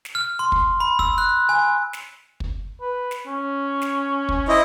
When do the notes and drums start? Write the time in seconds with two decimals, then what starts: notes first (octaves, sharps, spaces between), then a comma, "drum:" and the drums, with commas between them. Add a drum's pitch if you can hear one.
0.05 drum: snare
0.15 F6
0.39 C6
0.52 drum: kick
0.80 B5
0.99 E6, drum: kick
1.18 F#6
1.49 G#5
1.93 drum: snare
2.40 drum: kick
2.81 B4
3.11 drum: snare
3.27 C#4
3.82 drum: snare
4.29 drum: kick
4.48 E4 C5 D#5